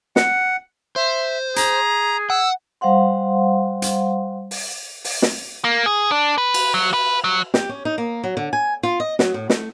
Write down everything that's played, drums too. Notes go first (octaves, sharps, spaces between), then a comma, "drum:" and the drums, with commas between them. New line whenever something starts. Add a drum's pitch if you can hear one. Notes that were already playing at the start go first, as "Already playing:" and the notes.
F#5, drum: snare
C5 E5
G#4 A#5, drum: hi-hat
F#5 E6
G3 C5 F5 F#5 C6
drum: hi-hat
drum: open hi-hat
drum: open hi-hat
drum: snare
A#3
G#4
D4
B4
drum: cymbal
F#3
B4
F#3
G4, drum: snare
C#4
D#4
A#3
F#3
D3
G#5
F4
D#5
F#3, drum: snare
A2
A3, drum: snare